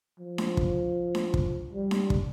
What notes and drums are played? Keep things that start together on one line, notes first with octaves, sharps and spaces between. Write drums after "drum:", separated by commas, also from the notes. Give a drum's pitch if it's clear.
F3
drum: snare D4
drum: kick
drum: snare D4
drum: kick
G3
drum: snare D4
drum: kick